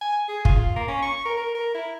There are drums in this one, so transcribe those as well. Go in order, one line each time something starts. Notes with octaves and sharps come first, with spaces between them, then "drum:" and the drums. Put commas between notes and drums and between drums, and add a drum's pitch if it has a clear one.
G#5
G#4
F4, drum: kick
A#3
C#4
C#6
A#4
A#4
A#4
E4